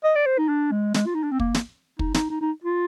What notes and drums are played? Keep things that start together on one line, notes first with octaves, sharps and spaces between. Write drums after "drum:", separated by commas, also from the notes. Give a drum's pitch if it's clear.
D#5
D5
C5
D#4
D4
G#3
G#3, drum: snare
F4
D#4
D4
C4
A#3, drum: kick
drum: snare
D#4, drum: kick
D#4, drum: snare
D#4
D#4
F4